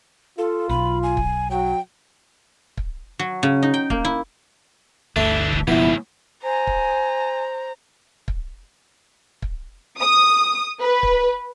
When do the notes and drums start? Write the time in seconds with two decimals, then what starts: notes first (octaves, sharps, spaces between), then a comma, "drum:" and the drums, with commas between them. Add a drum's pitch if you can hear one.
0.38 F4 A4
0.69 B1 B5
1.03 G#5
1.17 drum: kick
1.51 F#3 G5
2.77 drum: kick
3.19 F#3
3.43 C#3
3.63 D#4
3.74 G5
3.90 A#3, drum: kick
4.05 E4
5.16 G1 D2 E3 A3 D4
5.53 drum: kick
5.68 F#1 D#2 G#2 B2 F3 B3 E4
6.43 C5 G#5 A#5
6.67 drum: kick
8.28 drum: kick
9.42 drum: kick
9.99 D#6
10.80 B4
11.03 drum: kick